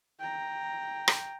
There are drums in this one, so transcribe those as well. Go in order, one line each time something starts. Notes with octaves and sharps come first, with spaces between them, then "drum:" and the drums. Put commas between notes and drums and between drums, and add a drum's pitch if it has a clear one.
G5 A#5
drum: rim click